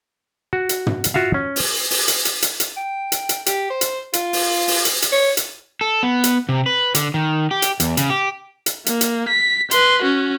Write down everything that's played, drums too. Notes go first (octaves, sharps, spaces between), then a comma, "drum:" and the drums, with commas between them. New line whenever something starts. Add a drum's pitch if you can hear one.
F#4
drum: hi-hat
drum: tom
drum: hi-hat
F4 F#4 E5 F5
C#4
drum: open hi-hat
drum: open hi-hat
drum: hi-hat
drum: hi-hat
drum: hi-hat
drum: hi-hat
G5
drum: hi-hat
drum: hi-hat
G4, drum: hi-hat
C5
drum: hi-hat
F4, drum: hi-hat
drum: open hi-hat
drum: open hi-hat
drum: hi-hat
drum: hi-hat
C#5
drum: hi-hat
A4
B3
drum: hi-hat
C3
B4
D3, drum: hi-hat
D#3
G4
drum: hi-hat
E2, drum: hi-hat
C#3, drum: hi-hat
G4
drum: hi-hat
A#3, drum: hi-hat
drum: hi-hat
B6
B4 C6, drum: hi-hat
C#4 F#4